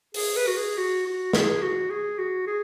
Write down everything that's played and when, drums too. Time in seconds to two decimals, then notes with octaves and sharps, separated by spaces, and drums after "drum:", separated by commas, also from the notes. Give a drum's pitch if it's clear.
0.14 G#4, drum: open hi-hat
0.36 B4
0.47 F#4
0.57 G#4
0.77 F#4
1.06 F#4
1.33 G#4, drum: snare
1.62 F#4
1.90 G#4
2.18 F#4
2.47 G#4